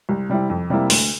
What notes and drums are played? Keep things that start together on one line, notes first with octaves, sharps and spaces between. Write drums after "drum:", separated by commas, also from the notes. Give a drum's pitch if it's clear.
C2
C3 G3 C4 E4
F2
C3 G3 A#3 E4
D2, drum: open hi-hat